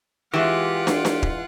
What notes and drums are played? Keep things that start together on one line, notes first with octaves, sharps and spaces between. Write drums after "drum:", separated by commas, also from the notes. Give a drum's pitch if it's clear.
E3 G#3 F4 G4 F#5
drum: snare
drum: snare
drum: kick